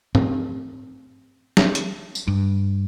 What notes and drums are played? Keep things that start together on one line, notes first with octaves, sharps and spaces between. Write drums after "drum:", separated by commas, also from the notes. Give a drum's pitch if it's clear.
C4, drum: tom G#2
drum: snare
drum: hi-hat
drum: tambourine
G2